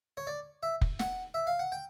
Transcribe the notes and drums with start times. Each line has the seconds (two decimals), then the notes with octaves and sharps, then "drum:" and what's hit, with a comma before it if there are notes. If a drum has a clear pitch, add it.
0.17 C#5
0.27 D5
0.63 E5
0.81 drum: kick F1
0.99 F#5, drum: snare
1.34 E5
1.47 F5
1.59 F#5
1.72 G5